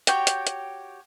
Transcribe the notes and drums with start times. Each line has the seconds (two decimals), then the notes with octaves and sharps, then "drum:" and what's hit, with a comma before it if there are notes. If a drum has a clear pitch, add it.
0.07 F#4 G4 C#5 G5, drum: hi-hat
0.27 drum: hi-hat
0.47 drum: hi-hat